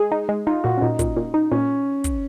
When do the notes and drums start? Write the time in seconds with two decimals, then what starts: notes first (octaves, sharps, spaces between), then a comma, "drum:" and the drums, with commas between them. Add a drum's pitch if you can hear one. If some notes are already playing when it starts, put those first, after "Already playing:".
Already playing: G#3 G#4
0.12 D#4
0.29 G#3
0.47 D#4 F4
0.64 A#2 F#4
0.77 C#4
0.81 A#2 D#4
0.99 A#2, drum: kick, hi-hat
1.16 A#2
1.34 D#4
1.51 A#2 C#4
2.04 drum: kick, hi-hat